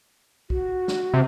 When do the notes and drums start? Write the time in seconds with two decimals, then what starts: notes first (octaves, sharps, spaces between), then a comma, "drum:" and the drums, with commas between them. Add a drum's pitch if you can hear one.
0.50 F#4, drum: kick B1
0.88 drum: snare
1.14 C3